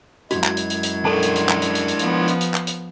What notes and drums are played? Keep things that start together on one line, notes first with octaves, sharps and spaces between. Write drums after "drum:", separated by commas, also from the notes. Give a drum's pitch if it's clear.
F#2 G#3 E4 F#4 G#6, drum: hi-hat
drum: clap
drum: hi-hat
drum: hi-hat
drum: hi-hat
D4 A4 A#4 A5
drum: hi-hat
drum: hi-hat
drum: clap
drum: hi-hat
drum: hi-hat
drum: hi-hat
F3 B3, drum: hi-hat
drum: hi-hat
drum: hi-hat
drum: clap
drum: hi-hat